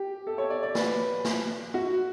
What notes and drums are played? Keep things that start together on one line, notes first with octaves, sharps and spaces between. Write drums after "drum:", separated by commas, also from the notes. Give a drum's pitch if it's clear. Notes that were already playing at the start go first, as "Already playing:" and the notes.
Already playing: G4
A4
C#5
D5
D5
B4, drum: snare
drum: snare
F#4